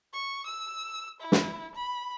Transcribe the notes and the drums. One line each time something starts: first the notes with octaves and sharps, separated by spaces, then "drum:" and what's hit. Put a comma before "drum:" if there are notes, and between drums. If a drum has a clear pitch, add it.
C#6
E6
E4
drum: snare
B5